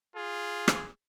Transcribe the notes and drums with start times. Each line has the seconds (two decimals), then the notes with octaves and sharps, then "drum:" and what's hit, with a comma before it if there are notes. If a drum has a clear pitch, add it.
0.16 F4 G#4
0.68 drum: rim click